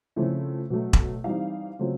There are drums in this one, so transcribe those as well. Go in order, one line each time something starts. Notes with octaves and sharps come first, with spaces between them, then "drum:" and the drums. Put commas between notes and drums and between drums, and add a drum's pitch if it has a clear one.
C#3 F3 A3 C4 E4
B2 F#3 A3
drum: kick E1
E3 G3 C4 D#4 F5
C#3 F#3 A3 C4 F4